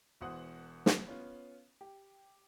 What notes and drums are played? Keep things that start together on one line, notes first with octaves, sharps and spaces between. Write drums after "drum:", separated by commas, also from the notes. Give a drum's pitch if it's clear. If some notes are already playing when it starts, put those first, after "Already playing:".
E1 E2 F#4 C5 F#5 D#6
drum: snare
B3 C#4 F4
G4